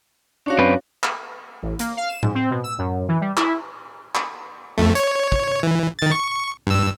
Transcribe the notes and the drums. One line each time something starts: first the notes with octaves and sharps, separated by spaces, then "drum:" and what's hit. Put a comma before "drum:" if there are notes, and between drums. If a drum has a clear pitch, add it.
C#4 D4 F#4 C#5 F5
F#2 C4 B4
drum: clap
A1
A#3, drum: hi-hat
F5
E7
G#2, drum: tom A2
C4
B2
E6
F#2
E3
G3
E4, drum: clap
drum: clap
F2 A3
C#5, drum: hi-hat
drum: kick
E3
D#3 A6
C#6
G2 E6